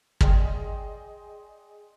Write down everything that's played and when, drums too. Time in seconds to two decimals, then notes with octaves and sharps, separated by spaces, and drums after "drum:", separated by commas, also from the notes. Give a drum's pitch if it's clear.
0.21 G#4 D5 D#5 G5 C6, drum: kick